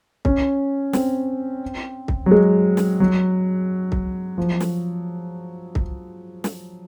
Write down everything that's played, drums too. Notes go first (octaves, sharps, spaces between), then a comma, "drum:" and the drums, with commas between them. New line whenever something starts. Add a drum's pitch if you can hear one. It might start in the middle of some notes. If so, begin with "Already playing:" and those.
C#4, drum: kick C2
C4, drum: snare
drum: kick C2
F#3
G#3
drum: snare
F#3
drum: kick C2
F3
drum: snare
drum: kick C2
drum: snare